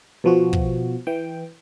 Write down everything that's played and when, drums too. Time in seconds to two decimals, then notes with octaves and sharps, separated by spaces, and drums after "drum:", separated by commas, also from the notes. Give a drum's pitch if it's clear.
0.24 B2 F3 F#4
0.53 drum: kick
1.07 E3 G5